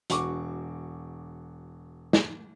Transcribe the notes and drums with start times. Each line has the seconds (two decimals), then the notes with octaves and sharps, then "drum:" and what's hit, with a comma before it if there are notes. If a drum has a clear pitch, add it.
0.10 E1 F#4 C#6 D6, drum: hi-hat
2.13 drum: snare